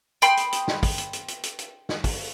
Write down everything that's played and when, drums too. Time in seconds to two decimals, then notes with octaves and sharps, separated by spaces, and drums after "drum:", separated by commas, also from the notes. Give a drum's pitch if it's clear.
0.22 G5 B5 C6 D#6, drum: hi-hat
0.37 drum: hi-hat
0.52 drum: hi-hat
0.68 drum: snare
0.83 drum: kick, open hi-hat
0.98 drum: hi-hat
1.13 drum: hi-hat
1.28 drum: hi-hat
1.43 drum: hi-hat
1.59 drum: hi-hat
1.89 drum: snare
2.04 drum: kick, open hi-hat